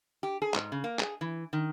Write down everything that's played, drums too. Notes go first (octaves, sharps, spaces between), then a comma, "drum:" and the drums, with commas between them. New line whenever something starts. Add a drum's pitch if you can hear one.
G4
G#4
G#2, drum: clap
C#3
A#3
G#4, drum: clap
E3
D#3